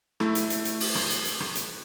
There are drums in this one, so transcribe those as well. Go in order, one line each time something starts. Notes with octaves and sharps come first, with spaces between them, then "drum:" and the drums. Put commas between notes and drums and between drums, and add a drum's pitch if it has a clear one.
A3 E4, drum: rim click
drum: hi-hat
drum: hi-hat
drum: hi-hat
drum: open hi-hat
drum: rim click
drum: hi-hat
drum: hi-hat
drum: rim click
drum: hi-hat